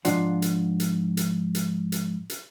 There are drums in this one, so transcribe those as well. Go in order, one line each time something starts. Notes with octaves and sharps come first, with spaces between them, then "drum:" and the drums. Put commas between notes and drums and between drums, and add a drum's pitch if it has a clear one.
G#2 F3 D4 F4 F#5, drum: hi-hat
drum: hi-hat
drum: hi-hat
drum: hi-hat
drum: hi-hat
drum: hi-hat
drum: hi-hat